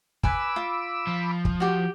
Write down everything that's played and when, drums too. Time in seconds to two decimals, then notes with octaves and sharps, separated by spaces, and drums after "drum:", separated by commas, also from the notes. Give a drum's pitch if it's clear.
0.23 B4 G#5 B5 D6 E6, drum: kick
0.56 F4
1.07 F3
1.45 drum: kick
1.60 F#4 G4